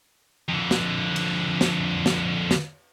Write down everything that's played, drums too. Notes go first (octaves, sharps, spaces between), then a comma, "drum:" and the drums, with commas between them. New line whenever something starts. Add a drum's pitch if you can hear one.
F2 D3
drum: snare
drum: cymbal
drum: snare
drum: snare
drum: snare